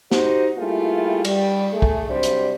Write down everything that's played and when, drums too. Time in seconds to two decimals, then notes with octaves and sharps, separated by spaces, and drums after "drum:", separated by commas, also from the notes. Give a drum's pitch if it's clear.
0.11 D#4 F#4 G4 C5, drum: snare
0.57 G3 A3 A#3 E4 F4 G#4
1.25 G3, drum: cymbal
1.73 A3 G#4
1.82 drum: kick
2.09 C3 F#3 G3 D4 C5
2.23 drum: hi-hat